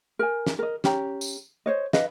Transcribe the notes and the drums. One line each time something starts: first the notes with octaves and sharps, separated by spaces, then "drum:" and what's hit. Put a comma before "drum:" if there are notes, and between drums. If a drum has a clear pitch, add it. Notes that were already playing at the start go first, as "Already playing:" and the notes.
A#4 G#5
drum: snare
A#4 D#5
C#4 G4 A#5, drum: snare
drum: tambourine
C5 C#5 D#5
B4 D#5 F5, drum: snare